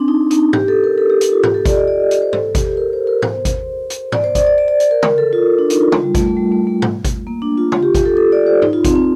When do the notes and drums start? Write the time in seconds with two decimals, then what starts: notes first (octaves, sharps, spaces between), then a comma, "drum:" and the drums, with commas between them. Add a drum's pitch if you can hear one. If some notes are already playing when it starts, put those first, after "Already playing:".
Already playing: C4 D4
0.08 D#4
0.31 D#4, drum: hi-hat
0.53 G4, drum: tom G#2
0.68 A4
0.84 A#4
0.98 A4
1.10 G4
1.21 G4, drum: hi-hat
1.32 F4
1.43 G4, drum: tom G#2
1.54 A4
1.65 D5, drum: kick G#1, hi-hat
1.76 D#5
1.87 D5
2.00 D#5
2.11 D5, drum: hi-hat
2.22 C5
2.33 A4, drum: tom G#2
2.55 G4, drum: kick G#1, hi-hat
2.77 A#4
2.93 C5
3.07 A#4
3.22 C5, drum: tom G#2
3.45 drum: kick G#1, hi-hat
3.90 drum: hi-hat
4.12 D5, drum: tom G#2
4.24 C5
4.35 D5, drum: kick G#1, hi-hat
4.47 D5
4.58 D5
4.68 D5
4.80 drum: hi-hat
4.91 A#4
5.02 A#4, drum: tom
5.18 A4
5.33 F4
5.59 D4
5.70 D#4, drum: hi-hat
5.81 F4
5.92 F4, drum: tom
6.03 G3
6.15 A3, drum: kick G#1, hi-hat
6.26 A3
6.37 G3
6.52 A3
6.67 A3
6.82 drum: tom G#2
7.05 drum: kick G#1, hi-hat
7.27 A#3
7.42 D4
7.57 F4
7.72 F4, drum: tom
7.83 G4
7.95 G4, drum: kick G#1, hi-hat
8.06 A4
8.17 A4
8.32 D5
8.47 C5
8.62 D#4, drum: tom G#2
8.73 F4
8.85 C4, drum: kick G#1, hi-hat
8.96 C4